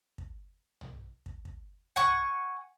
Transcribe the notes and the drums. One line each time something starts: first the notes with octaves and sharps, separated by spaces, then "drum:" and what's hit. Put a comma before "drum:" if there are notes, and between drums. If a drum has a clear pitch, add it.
drum: kick
drum: tom
drum: kick
drum: kick
F#5 G#5 C#6, drum: tom